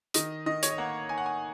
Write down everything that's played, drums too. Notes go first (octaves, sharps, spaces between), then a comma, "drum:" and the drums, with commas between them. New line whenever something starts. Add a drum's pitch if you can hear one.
D#3 D#5, drum: hi-hat
D#3 D#5
C#5, drum: hi-hat
D#5
A#3 F#5
D#4 G#5
F#5
G#5